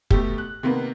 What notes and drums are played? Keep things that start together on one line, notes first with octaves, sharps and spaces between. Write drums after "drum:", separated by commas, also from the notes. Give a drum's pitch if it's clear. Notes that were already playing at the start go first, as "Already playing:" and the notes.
B2 A3 G4, drum: kick
F#6
C3 D#3 A#3 B3